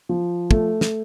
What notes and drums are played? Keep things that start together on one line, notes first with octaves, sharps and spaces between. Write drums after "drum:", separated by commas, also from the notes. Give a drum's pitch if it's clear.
F3
A3, drum: kick
drum: snare